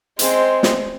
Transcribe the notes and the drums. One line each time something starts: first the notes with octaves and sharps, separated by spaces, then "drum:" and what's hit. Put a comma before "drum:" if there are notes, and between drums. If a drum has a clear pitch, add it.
G#3 C4, drum: hi-hat
drum: snare